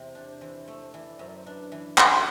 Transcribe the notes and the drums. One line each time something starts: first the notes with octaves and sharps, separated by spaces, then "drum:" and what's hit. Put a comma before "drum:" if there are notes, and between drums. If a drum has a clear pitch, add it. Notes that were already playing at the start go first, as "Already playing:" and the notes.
Already playing: E2 C3 C5
D4
E3
A3
E3 D5
F#2 C5
D5
C5
D4 B4
E3
A4, drum: clap
F#4